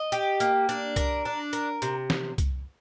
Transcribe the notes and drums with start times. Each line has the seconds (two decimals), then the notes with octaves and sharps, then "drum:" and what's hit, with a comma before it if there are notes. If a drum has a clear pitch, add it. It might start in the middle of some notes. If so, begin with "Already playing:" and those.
Already playing: D#5
0.12 G4, drum: hi-hat
0.40 A#3, drum: hi-hat
0.69 D4, drum: hi-hat
0.96 A#4, drum: kick C2, hi-hat
1.25 D4
1.53 A#4, drum: hi-hat
1.82 C3, drum: hi-hat
2.10 drum: snare
2.38 drum: kick C2, hi-hat